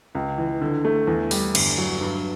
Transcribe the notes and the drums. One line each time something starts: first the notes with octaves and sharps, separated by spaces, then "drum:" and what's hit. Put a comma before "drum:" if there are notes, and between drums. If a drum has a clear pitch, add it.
C#2
E3
D3
A3
E2
G3, drum: open hi-hat
G1, drum: cymbal
F#3
G2